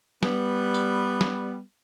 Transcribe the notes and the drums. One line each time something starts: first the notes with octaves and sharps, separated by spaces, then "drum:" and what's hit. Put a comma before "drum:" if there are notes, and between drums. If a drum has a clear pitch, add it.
G3 B3, drum: snare
drum: tambourine
drum: snare